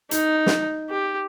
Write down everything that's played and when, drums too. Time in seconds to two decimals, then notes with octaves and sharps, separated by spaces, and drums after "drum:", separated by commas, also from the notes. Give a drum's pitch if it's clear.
0.11 D#4, drum: hi-hat
0.46 drum: snare
0.89 G4